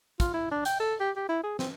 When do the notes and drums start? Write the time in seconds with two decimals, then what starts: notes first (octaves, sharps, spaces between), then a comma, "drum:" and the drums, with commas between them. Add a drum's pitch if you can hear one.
0.20 F4, drum: kick, hi-hat
0.34 E4
0.51 D4
0.65 G5, drum: hi-hat
0.80 A4
1.00 G4
1.16 G4
1.29 E4
1.43 G#4
1.59 C4, drum: snare